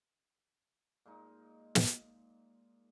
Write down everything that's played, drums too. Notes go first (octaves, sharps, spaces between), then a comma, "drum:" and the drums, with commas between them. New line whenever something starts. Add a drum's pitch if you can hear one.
A#2 G#3 D#4
drum: snare